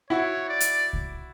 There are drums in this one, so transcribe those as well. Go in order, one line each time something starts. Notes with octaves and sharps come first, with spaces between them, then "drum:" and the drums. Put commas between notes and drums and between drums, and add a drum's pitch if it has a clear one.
E4 F#4 C#5
D5
drum: hi-hat
drum: kick C2